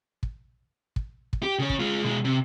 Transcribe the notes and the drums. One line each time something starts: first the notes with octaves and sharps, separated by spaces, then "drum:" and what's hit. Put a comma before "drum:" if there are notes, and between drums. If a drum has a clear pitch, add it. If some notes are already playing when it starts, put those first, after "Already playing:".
drum: kick
drum: kick
drum: kick
G4
C#3 C#5
drum: kick
G#3 F4
B2 G#3
C3